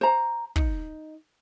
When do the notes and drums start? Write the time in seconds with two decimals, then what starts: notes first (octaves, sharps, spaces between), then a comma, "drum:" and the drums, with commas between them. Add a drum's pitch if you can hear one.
0.01 C5 A#5
0.56 D#4, drum: kick